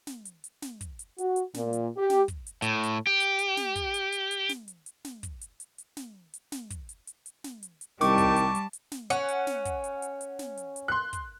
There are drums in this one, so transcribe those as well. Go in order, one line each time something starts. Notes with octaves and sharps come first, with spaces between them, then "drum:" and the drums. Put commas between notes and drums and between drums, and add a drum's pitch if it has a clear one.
drum: snare
drum: hi-hat
drum: hi-hat
drum: snare
drum: kick, hi-hat
drum: hi-hat
F#4, drum: hi-hat
drum: hi-hat
A#2, drum: snare
drum: hi-hat
G4
drum: snare
drum: kick, hi-hat
drum: hi-hat
A2, drum: hi-hat
drum: hi-hat
G4
drum: hi-hat
drum: hi-hat
drum: snare
drum: kick, hi-hat
drum: hi-hat
drum: hi-hat
drum: hi-hat
drum: snare
drum: hi-hat
drum: hi-hat
drum: snare
drum: kick, hi-hat
drum: hi-hat
drum: hi-hat
drum: hi-hat
drum: snare
drum: hi-hat
drum: snare
drum: kick, hi-hat
drum: hi-hat
drum: hi-hat
drum: hi-hat
drum: snare
drum: hi-hat
drum: hi-hat
C2 D#3 G3 G5 A5 C#6 D6, drum: snare
drum: kick, hi-hat
drum: hi-hat
drum: hi-hat
drum: hi-hat
drum: snare
C#4 F#5, drum: hi-hat
drum: hi-hat
drum: snare
drum: kick, hi-hat
drum: hi-hat
drum: hi-hat
drum: hi-hat
drum: snare
drum: hi-hat
drum: hi-hat
C6 F#6
drum: kick, hi-hat